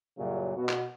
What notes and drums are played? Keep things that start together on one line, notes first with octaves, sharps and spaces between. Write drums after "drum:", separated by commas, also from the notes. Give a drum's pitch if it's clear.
F#2 A#2 C#3 F#3 G3
B2 F#4
drum: clap